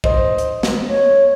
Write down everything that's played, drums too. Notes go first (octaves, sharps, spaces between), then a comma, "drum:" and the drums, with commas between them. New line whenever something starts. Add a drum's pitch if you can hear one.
C5 D#5, drum: kick
drum: hi-hat
drum: snare
C#5